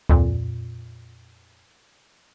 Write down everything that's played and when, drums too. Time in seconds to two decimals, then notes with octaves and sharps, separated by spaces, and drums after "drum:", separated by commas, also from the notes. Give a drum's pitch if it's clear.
0.09 F2 A#2, drum: kick D2